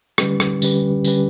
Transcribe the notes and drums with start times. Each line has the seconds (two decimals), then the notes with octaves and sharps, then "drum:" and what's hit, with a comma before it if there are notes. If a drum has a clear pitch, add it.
0.18 D3 G3 C#4 G4 B4, drum: rim click
0.40 drum: rim click
0.62 D3 G3 C#4 G4 B4, drum: tambourine
1.05 D3 G3 C#4 G4 B4, drum: tambourine